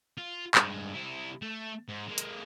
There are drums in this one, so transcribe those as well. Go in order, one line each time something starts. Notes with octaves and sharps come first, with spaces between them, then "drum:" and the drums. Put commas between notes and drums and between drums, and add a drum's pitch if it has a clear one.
F4
G2 G#3, drum: clap
C3 E4
A3
G#2
G#3 A#3
drum: hi-hat